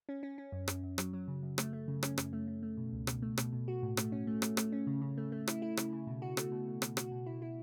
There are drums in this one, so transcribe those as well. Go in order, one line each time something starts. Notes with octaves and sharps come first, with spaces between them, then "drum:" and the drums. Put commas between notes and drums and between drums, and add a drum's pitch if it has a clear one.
C#4
C#4
C#4
F#2
F#2, drum: rim click
F#2
F#3, drum: rim click
F#3
C#3
F#2
A3, drum: rim click
A3
C#3
C#4, drum: rim click
F#2, drum: rim click
A3
A3
A3
B2
C#2
B2, drum: rim click
A3
B2, drum: rim click
B2
F#4
A2
A3, drum: rim click
C#4
A3
A3, drum: rim click
A3, drum: rim click
C#4
C#3
C#3
A3
A3
E4, drum: rim click
E4
C#3, drum: rim click
C#3
B2
F#4
A3, drum: rim click
B2
B2
B2, drum: rim click
F#4, drum: rim click
B2
E4
E4